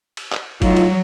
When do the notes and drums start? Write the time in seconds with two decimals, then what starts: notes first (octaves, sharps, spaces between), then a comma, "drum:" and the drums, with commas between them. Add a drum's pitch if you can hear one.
0.17 drum: cymbal
0.32 drum: clap
0.62 A2 F#3 D#4 F4, drum: kick, cymbal
0.76 drum: cymbal